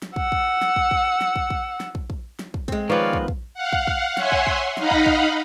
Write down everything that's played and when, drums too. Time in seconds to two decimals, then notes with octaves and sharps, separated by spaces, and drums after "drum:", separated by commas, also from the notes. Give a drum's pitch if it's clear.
0.02 drum: snare
0.16 F#5 E6, drum: kick
0.32 drum: kick
0.62 drum: snare
0.76 drum: kick
0.91 drum: kick
1.21 drum: snare
1.36 drum: kick
1.50 drum: kick
1.80 drum: snare
1.95 drum: kick
2.10 drum: kick
2.39 drum: snare
2.54 drum: kick
2.68 G#3 C4, drum: kick
2.90 D#3 F3 B3 F4 B4 C#5 D5 F5
3.13 drum: kick
3.28 drum: kick
3.54 F5 F#5
3.73 drum: kick
3.87 drum: kick
4.17 C#5 E5 F#5 G#5 C6, drum: snare
4.32 drum: kick
4.47 drum: kick
4.77 D#4 D#5 F5 F#5 A#5 B5, drum: snare
4.91 drum: kick
5.06 drum: kick